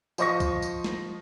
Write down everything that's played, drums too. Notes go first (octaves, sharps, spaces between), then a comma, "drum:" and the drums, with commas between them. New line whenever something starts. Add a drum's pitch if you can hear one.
F3 C5 D#5 C#6 A#6, drum: tambourine
drum: kick C2, tambourine
drum: tambourine
drum: snare